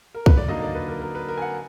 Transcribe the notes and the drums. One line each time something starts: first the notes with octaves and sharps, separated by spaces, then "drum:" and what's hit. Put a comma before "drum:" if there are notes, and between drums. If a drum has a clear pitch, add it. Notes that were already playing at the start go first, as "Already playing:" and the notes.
A#4
B4, drum: kick
D5
D3 F#3 A#3 D#4 D#5
D5
B4
A#4
A#4
B4
A#4
G#5
F#5